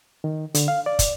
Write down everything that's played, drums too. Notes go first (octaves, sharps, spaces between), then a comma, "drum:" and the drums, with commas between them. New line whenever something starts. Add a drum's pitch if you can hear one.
D#3
D3, drum: hi-hat
F5
D5
drum: kick, hi-hat